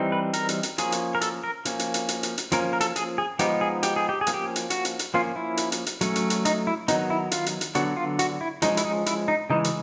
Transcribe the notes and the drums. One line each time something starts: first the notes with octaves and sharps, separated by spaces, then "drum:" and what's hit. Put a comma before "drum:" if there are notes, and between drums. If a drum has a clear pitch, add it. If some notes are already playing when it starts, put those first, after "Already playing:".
Already playing: E3 G3 C4 D#4
B4
A#4, drum: hi-hat
drum: hi-hat
drum: hi-hat
F3 A#3 C#4 G#4, drum: hi-hat
drum: hi-hat
A#4
A4, drum: hi-hat
A#4
F3 A#3 C#4, drum: hi-hat
drum: hi-hat
drum: hi-hat
drum: hi-hat
drum: hi-hat
drum: hi-hat
F3 A#3 C#4 A#4, drum: hi-hat
A#4
A4, drum: hi-hat
G#4, drum: hi-hat
G#4
F3 G#3 B3 D#4 G4, drum: hi-hat
G#4
G4, drum: hi-hat
G#4
G4
G#4
F3 A#3 C#4, drum: hi-hat
G4
drum: hi-hat
F#4, drum: hi-hat
drum: hi-hat
drum: hi-hat
F3 A#3 C#4 F4
E4
drum: hi-hat
drum: hi-hat
drum: hi-hat
F#3 A3 C#4, drum: hi-hat
drum: hi-hat
drum: hi-hat
D#4, drum: hi-hat
E4
D#3 F#3 B3 D#4, drum: hi-hat
E4
F4, drum: hi-hat
drum: hi-hat
drum: hi-hat
D3 F#3 B3 D4 F#4, drum: hi-hat
F4
F#4, drum: hi-hat
E4
F3 G#3 C#4 D#4, drum: hi-hat
E4, drum: hi-hat
D#4
E4, drum: hi-hat
D#4
C#3 E3 G#3 D#4
drum: hi-hat